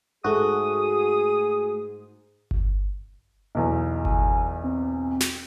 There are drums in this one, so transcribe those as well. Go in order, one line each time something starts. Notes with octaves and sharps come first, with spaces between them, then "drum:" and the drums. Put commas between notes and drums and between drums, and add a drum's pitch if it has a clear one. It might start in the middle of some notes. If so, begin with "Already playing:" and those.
G#2 A3 F#4 G#4 D#6
drum: kick G1
B1 E2
G#5, drum: kick G1
C4
drum: snare